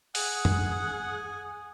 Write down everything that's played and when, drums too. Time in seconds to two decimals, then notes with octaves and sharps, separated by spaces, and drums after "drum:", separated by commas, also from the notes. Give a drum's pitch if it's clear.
0.15 G#4 F#5 G#5 D#6, drum: open hi-hat
0.45 drum: tom F#2